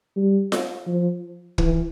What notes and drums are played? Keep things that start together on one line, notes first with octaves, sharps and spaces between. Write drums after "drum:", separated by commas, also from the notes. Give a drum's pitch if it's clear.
G3
drum: snare F4
F3
E3, drum: kick